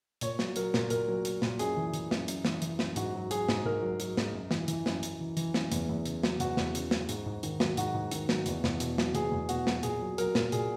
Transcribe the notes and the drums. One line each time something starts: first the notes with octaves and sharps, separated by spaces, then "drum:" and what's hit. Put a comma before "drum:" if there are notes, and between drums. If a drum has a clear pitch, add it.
A#2 C#5, drum: hi-hat
F#3, drum: snare
F#3 A#4, drum: hi-hat
A#2, drum: snare
A#2 A#4, drum: hi-hat
F#3
F#3, drum: hi-hat
A#2, drum: snare
F#2 G#4, drum: hi-hat
E3
E3, drum: hi-hat
F#2, drum: snare
F#2, drum: hi-hat
E3, drum: snare
E3, drum: hi-hat
F#2, drum: snare
G#2 F#4, drum: hi-hat
F#3
F#3 G#4, drum: hi-hat
G#2, drum: snare
G#2 A#4
F#3
F#3, drum: hi-hat
G#2, drum: snare
F#2
E3, drum: snare
E3, drum: hi-hat
F#2, drum: snare
F#2, drum: hi-hat
E3
E3, drum: hi-hat
F#2, drum: snare
E2, drum: hi-hat
E2
C#3, drum: hi-hat
F#3, drum: snare
E2 F#4, drum: hi-hat
E2, drum: snare
C#3, drum: hi-hat
F#3, drum: snare
G#2, drum: hi-hat
G#2
D#3, drum: hi-hat
F#3, drum: snare
G#2 F#4, drum: hi-hat
G#2
D#3, drum: hi-hat
F#3, drum: snare
E2, drum: hi-hat
E2, drum: snare
B2, drum: hi-hat
F#3, drum: snare
E2 G#4, drum: hi-hat
E2
B2 F#4, drum: hi-hat
F#3, drum: snare
A#2 G#4, drum: hi-hat
F#3
F#3 A#4, drum: hi-hat
A#2, drum: snare
A#2 G#4, drum: hi-hat